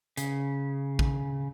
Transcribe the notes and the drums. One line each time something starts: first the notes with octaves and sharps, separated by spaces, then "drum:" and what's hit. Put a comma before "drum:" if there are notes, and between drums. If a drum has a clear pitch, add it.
C#3, drum: hi-hat
drum: kick